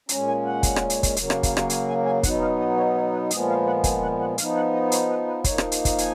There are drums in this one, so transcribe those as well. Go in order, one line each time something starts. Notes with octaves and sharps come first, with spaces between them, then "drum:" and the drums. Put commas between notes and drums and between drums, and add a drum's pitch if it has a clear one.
A#2 G#3 C#4 A#5, drum: hi-hat
G#5
F#5
drum: kick, hi-hat
drum: rim click
drum: hi-hat
drum: kick, hi-hat
C#3 F#3 A#3, drum: hi-hat
drum: rim click
drum: kick, hi-hat
drum: rim click
G#5, drum: hi-hat
G#5
G#5
B2 F#3 B3 D#4 F#5, drum: kick, hi-hat
F5
D#5
C#5
C#5
B4
A#2 F3 G#3 B3 D#5, drum: hi-hat
F5
F#5
G#5, drum: kick, hi-hat
F#5
F#5
F3 B3 D#4 F5, drum: hi-hat
F#5
D#5
C#5, drum: hi-hat
B4
B4
F3 A#3 D#4 C#5, drum: kick, hi-hat
drum: rim click
drum: hi-hat
drum: kick, hi-hat
G#5, drum: hi-hat